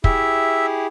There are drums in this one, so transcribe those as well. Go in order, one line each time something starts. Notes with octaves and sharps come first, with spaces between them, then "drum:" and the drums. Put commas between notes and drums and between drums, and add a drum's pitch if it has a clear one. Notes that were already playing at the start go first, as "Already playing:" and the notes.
E4 G4 G#4 E5, drum: kick